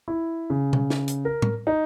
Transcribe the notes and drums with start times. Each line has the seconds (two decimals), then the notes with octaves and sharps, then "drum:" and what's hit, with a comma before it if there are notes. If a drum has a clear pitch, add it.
0.08 E4
0.50 C#3
0.73 drum: tom
0.90 drum: snare
1.08 drum: hi-hat
1.25 A#4
1.42 drum: tom A2
1.67 D#4